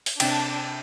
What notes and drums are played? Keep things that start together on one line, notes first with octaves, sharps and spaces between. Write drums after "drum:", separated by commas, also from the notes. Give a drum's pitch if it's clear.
drum: open hi-hat
C3 D4 G5, drum: cymbal